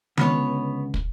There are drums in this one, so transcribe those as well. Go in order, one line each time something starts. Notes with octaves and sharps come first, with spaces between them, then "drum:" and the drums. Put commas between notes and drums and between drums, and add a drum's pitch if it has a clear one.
C#2 D3 B3 C#5, drum: tom D#3
drum: kick